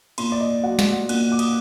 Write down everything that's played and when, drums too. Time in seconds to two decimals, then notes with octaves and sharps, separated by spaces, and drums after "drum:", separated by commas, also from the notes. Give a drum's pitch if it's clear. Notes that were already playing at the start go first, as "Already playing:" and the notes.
0.18 A#2 C6, drum: cymbal
0.32 D5
0.41 D#5
0.63 F#3 F#5
0.79 drum: snare
1.09 A#2 F#6, drum: cymbal
1.32 D6
1.39 D#6, drum: cymbal